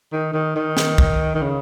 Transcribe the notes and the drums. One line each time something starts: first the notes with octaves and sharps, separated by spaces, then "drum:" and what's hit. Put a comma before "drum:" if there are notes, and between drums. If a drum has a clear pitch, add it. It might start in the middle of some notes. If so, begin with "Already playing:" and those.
D#3
D#3
D#3
drum: snare
drum: kick
D#3
C#3